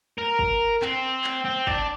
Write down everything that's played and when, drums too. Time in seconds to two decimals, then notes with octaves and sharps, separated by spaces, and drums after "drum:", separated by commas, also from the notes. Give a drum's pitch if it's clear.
0.18 A#4
0.39 drum: kick
0.82 C4, drum: clap
1.24 drum: clap
1.45 C4
1.67 D4, drum: kick